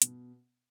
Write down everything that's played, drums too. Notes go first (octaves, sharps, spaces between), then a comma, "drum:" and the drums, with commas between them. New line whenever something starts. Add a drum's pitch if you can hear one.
B2, drum: hi-hat